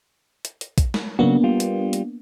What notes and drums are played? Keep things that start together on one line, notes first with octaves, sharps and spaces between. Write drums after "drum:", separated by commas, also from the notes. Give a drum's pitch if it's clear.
drum: hi-hat
drum: hi-hat
drum: kick, hi-hat
drum: snare
C#3 F#3 A#3 B3 D4 F#4
G3 F4
drum: hi-hat
drum: hi-hat